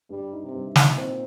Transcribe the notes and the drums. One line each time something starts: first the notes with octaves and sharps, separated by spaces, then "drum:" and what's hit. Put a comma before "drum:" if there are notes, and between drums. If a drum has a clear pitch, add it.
G2 G3
D#4
C3
G2
A#2 D#4, drum: snare
C4